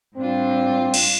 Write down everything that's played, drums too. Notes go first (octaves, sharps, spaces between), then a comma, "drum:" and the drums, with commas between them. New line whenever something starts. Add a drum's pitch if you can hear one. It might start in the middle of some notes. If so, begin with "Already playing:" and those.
A2 G3 C4 D4 F4
drum: cymbal